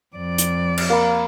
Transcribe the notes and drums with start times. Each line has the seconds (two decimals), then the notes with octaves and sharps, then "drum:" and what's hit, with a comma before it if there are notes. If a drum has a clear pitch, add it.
0.16 F2 D5
0.38 drum: hi-hat
0.77 drum: cymbal
0.90 A#3 B5